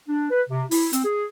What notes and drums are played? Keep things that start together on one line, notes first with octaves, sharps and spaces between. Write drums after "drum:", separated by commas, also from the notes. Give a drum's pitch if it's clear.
D4
B4
C3
E4, drum: open hi-hat
C4, drum: hi-hat
G#4